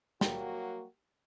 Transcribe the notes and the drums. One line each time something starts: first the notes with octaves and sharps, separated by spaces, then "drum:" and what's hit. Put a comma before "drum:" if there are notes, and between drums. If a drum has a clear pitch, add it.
F#3 G3 A#3 F#4, drum: snare